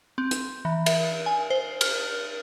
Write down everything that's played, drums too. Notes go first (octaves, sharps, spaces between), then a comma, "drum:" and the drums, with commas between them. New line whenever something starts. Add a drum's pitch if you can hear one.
C4
drum: hi-hat
E3
E5, drum: cymbal
G#5
C5
F6, drum: cymbal